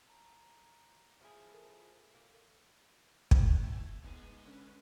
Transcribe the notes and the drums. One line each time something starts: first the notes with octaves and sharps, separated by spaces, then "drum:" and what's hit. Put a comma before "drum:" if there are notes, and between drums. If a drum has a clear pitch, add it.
A5 A#5
F3 E4 G#4
A4 A#4
A#3
E2 D4, drum: kick
A3 G#5 A5 G#6
C2 G#2 G#3 B3 G#5
D3 C#4 B4